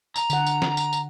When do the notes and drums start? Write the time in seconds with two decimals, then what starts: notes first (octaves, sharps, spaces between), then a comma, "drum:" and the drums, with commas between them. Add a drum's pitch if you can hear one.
0.16 A#5, drum: tambourine
0.30 D3 F#5, drum: tambourine
0.46 drum: tambourine
0.62 drum: snare
0.77 drum: tambourine
0.93 drum: tambourine